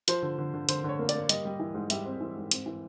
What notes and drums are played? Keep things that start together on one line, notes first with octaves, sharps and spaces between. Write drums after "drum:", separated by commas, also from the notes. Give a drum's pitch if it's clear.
F3 C5, drum: hi-hat
D3
D3
D3
D3 C5, drum: hi-hat
D3 C#5
A#3
D5, drum: hi-hat
A#3
G3 D#5, drum: hi-hat
G3
E3
G#2
G3 E5, drum: hi-hat
C4
E3
G#2
C4, drum: hi-hat
E3